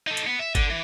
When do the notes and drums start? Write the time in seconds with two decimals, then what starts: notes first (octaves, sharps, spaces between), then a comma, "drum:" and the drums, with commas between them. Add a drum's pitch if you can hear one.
0.07 D#4 A4
0.17 drum: hi-hat
0.27 B3
0.39 E5
0.55 D3, drum: kick, hi-hat
0.70 E3